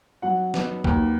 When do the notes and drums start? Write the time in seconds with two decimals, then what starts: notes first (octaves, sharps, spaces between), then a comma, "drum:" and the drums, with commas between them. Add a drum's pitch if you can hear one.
0.22 F#3 F#5
0.54 B3, drum: snare
0.84 D#2, drum: kick A#1